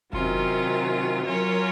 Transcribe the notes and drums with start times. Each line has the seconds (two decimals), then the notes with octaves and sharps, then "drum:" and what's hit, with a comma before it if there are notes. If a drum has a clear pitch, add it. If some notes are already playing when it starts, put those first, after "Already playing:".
0.13 C3 D#3 F#3 C#4 F4, drum: kick F1
1.26 F#3 C#4 F4 A#4 C#5